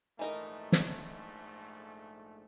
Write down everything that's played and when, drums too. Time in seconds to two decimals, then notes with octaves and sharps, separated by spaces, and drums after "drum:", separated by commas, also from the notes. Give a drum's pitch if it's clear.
0.19 A#1 G#2 E3 A3 D#4 A#4
0.72 drum: snare